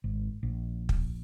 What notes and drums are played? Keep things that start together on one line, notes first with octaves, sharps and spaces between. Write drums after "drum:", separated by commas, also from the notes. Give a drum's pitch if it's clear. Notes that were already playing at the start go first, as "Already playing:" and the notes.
G#1
A#1
drum: kick